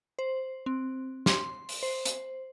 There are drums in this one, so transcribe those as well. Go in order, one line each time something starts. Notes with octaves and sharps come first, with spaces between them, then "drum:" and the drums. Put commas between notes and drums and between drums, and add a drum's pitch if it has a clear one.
C5
C4
C6, drum: snare
drum: open hi-hat
C5
drum: hi-hat